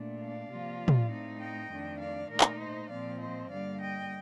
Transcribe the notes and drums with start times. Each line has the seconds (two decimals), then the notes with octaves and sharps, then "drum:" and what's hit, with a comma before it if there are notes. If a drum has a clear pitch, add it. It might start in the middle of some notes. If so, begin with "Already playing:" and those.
Already playing: A#2 A3 D4
0.19 D5 F5
0.50 C3 F3 A#3 F4
0.88 drum: tom
1.09 A2 A3 C4 D#4
1.40 D#5 G5
1.70 F2 D#3 A3 D4
2.00 D5 F5
2.31 A#2 A3 D#4 A#4 D5
2.41 drum: clap
2.60 C5 D#5
2.90 A#2 F3 C4 D5 F5
3.20 C5 D#5
3.50 G2 D3 G3 A#3 D5 F5
3.81 D#5 G5